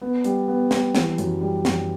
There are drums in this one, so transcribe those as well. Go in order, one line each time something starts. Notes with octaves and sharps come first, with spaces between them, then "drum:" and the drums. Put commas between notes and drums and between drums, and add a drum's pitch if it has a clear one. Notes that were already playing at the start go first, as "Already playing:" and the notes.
B3
G3, drum: hi-hat
B3
G3, drum: snare
E3, drum: snare
F#2, drum: hi-hat
G3
F#2, drum: snare